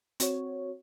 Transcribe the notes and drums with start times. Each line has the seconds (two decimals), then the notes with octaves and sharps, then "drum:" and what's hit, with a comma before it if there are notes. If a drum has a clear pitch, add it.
0.20 C4 F#4 C#5, drum: hi-hat